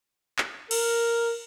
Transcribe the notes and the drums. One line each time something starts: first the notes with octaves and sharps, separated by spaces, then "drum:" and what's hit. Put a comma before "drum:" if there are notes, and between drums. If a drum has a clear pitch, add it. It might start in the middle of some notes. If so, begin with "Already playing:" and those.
drum: clap
A#4, drum: cymbal